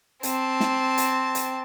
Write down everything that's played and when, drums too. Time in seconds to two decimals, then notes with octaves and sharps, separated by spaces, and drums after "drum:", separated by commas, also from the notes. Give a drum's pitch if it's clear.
0.23 C4 A5, drum: hi-hat
0.60 drum: snare
0.98 drum: hi-hat
1.35 drum: hi-hat